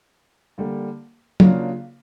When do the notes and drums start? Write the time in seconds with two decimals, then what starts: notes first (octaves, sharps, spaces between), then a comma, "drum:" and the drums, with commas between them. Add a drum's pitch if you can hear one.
0.58 D3 G3 A#3
1.40 C#3 F#3 A#3 D4 F4, drum: tom